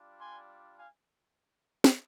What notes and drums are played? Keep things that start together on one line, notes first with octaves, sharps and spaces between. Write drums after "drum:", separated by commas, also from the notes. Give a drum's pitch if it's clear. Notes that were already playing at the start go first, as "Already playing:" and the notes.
Already playing: G3 D4 F4
G#5 C6
F5 G#5
drum: snare